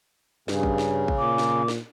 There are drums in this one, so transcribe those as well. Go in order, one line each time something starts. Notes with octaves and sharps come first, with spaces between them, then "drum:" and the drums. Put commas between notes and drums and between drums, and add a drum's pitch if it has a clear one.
G2 C#3, drum: snare
drum: kick A1
drum: snare
drum: kick A1
A#2 D6
drum: snare
drum: snare